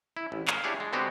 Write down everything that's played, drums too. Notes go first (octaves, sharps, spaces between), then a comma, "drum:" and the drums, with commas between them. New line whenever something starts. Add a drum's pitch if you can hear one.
E4
A1
F5, drum: clap
D4 E4 G4 G#4 C#5
G#3
D3 G#3 B3 C4 F#4 G4